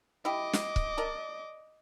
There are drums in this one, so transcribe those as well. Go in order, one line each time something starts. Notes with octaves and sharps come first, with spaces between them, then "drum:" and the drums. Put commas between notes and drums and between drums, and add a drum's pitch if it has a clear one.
E4 G4 D#5 D6
drum: snare
drum: kick
A#4 D5 A5